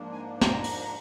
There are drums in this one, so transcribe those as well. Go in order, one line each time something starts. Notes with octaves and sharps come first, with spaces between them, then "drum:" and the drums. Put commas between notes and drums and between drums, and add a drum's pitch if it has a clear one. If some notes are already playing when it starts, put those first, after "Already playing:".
Already playing: G#2 F3 A#3 D4
G#5
A#5, drum: snare
drum: open hi-hat